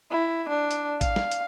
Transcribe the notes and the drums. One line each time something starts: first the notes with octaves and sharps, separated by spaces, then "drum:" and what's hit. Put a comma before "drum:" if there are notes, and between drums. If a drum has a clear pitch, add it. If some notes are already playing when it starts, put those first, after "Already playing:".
E4
D4
drum: hi-hat
F5, drum: kick A1, hi-hat
drum: snare
drum: hi-hat